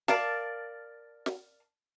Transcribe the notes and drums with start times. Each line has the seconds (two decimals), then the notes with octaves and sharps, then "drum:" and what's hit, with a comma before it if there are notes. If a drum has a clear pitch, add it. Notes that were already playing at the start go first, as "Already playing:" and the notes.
0.08 A#4 D5 F5 A5, drum: snare
1.26 drum: snare